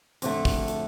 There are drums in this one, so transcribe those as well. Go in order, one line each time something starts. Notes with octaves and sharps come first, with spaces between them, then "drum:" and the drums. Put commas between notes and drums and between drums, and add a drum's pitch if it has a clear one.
F2 D3 A3, drum: hi-hat
drum: kick, open hi-hat
drum: hi-hat